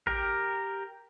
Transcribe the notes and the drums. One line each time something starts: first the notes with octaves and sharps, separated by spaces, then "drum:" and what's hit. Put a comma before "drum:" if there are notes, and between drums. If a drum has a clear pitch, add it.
G4 A#4, drum: kick A1